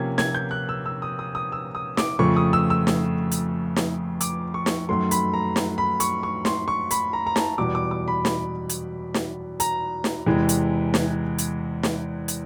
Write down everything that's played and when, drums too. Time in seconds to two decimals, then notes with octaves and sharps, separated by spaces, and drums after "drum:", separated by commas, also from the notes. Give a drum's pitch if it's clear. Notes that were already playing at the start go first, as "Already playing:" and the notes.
Already playing: C3 F3 A#3 C#4 G#6
0.18 G#6, drum: snare
0.35 G6
0.51 F#6
0.69 E6
0.86 E6
1.02 D#6
1.19 D#6
1.35 D#6
1.52 E6
1.75 D#6
1.97 D6, drum: snare
2.19 F2 C#3 F3 A3 C#6
2.36 D#6
2.53 E6
2.70 E6
2.87 drum: snare
3.32 drum: hi-hat
3.76 drum: snare
4.21 D6, drum: hi-hat
4.54 C#6
4.66 drum: snare
4.89 F#2 D#3 F#3 A3 C6
5.11 B5, drum: hi-hat
5.34 A#5
5.56 drum: snare
5.78 B5
6.00 C#6, drum: hi-hat
6.23 C#6
6.45 C6, drum: snare
6.68 C#6
6.91 B5, drum: hi-hat
7.13 A#5
7.27 A#5
7.36 A5, drum: snare
7.58 E2 B2 G3 D6
7.75 D6
7.91 D6
8.08 B5
8.25 drum: snare
8.70 drum: hi-hat
9.14 drum: snare
9.60 A#5, drum: hi-hat
10.04 drum: snare
10.26 E2 C3 E3 G#3
10.49 drum: hi-hat
10.94 drum: snare
11.39 drum: hi-hat
11.83 drum: snare
12.28 drum: hi-hat